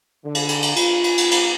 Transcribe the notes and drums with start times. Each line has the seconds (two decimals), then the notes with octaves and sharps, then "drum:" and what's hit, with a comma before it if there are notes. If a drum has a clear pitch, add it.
0.25 D3
0.35 drum: cymbal
0.49 drum: cymbal
0.62 drum: cymbal
0.76 F4, drum: cymbal
1.04 drum: cymbal
1.17 drum: cymbal
1.31 drum: cymbal